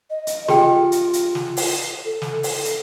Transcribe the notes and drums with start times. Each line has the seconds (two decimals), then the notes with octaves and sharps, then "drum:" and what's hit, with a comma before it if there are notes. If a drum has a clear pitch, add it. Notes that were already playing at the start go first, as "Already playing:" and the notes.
0.10 D#5
0.27 drum: hi-hat
0.48 F4 G4 G#4 G5, drum: snare
0.92 drum: hi-hat
1.13 drum: hi-hat
1.35 drum: snare
1.57 drum: open hi-hat
2.05 A4
2.22 drum: snare
2.43 drum: open hi-hat
2.65 drum: hi-hat